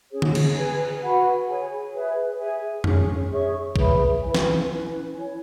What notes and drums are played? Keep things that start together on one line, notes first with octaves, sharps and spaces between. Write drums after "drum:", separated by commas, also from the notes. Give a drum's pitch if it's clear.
C#4 G#4 C#5
drum: tom D3
drum: cymbal
G#4 B4 G#5
F#4 B4 F#5 B5
G#4 C#5 G#5
G#4 B4 E5
G#4 E5 G#5
C#4 G#4 C#5, drum: tom F2
G#4 C#5 E5 C#6
G#4 B4 E5 B5, drum: kick
E4 B4 G#5
drum: snare
C#4 E4 B4
E4 C#5 G#5